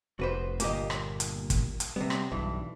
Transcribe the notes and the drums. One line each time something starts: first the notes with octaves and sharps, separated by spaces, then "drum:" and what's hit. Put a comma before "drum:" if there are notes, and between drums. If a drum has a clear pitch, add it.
F1 F#4 B4 C5
G1 A#2 A#3 G4 D#5, drum: hi-hat
drum: rim click
drum: hi-hat
drum: kick, hi-hat
drum: hi-hat
C3 G3 B3
drum: rim click
B1 G2 E3